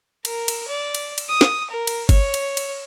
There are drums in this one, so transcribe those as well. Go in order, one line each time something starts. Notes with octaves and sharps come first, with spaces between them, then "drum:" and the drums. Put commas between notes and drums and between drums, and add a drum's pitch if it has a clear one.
A#4, drum: cymbal
drum: cymbal
D5
drum: cymbal
drum: cymbal
D#6
drum: snare
A#4
drum: cymbal
C#5, drum: kick, cymbal
drum: cymbal
drum: cymbal